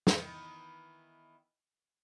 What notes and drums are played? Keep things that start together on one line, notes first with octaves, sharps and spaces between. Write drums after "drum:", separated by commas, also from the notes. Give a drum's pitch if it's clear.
D#3 E3 B3, drum: snare